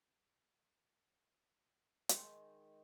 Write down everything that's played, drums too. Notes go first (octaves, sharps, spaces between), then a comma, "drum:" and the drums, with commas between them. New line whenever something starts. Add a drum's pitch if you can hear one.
D#3 G#3, drum: hi-hat